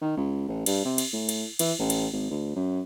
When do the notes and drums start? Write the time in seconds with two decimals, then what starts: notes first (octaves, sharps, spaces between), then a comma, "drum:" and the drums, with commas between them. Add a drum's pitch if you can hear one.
0.01 D#3
0.17 C#2
0.48 A1
0.66 G2, drum: cymbal
0.85 C3
0.98 drum: cymbal
1.13 A2
1.29 drum: cymbal
1.59 E3, drum: cymbal
1.79 A1
1.90 drum: cymbal
2.12 G#1
2.30 D2
2.56 F#2